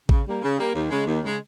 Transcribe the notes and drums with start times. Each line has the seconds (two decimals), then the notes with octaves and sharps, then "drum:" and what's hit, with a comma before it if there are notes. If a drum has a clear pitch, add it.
0.09 C#3, drum: kick A1
0.26 G3 A#3
0.42 C#3
0.58 G3 A#3
0.74 D#2
0.90 C#3 G#3
1.06 D#2
1.23 C#3 G#3